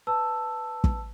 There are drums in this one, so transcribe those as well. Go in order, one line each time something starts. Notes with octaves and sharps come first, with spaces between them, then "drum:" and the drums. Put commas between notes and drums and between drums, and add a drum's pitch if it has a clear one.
B4 A5 E6
drum: kick